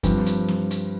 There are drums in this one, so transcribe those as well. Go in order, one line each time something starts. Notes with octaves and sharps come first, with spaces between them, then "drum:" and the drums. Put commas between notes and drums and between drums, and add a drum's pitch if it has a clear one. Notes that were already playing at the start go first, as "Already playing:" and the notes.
G2 F3 C4, drum: kick, hi-hat
drum: hi-hat
drum: snare
drum: hi-hat